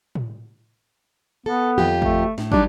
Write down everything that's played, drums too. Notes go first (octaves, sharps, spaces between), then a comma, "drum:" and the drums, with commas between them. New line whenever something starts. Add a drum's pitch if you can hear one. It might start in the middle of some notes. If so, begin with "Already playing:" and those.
drum: tom A2
B3 A4
F2 F4 G4, drum: tom D3
A3, drum: kick
A2, drum: snare
F#3 G3 D4 D#4, drum: kick